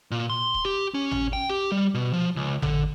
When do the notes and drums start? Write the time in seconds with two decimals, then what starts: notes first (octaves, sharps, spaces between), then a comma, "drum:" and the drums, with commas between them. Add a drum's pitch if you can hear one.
0.11 A#2
0.30 C6
0.54 drum: kick D#1
0.65 G4
0.94 C#4
1.11 drum: tom G#1
1.33 G5
1.50 G4
1.72 G3
1.94 B2
2.13 F3
2.36 C#2
2.62 D3, drum: tom G#1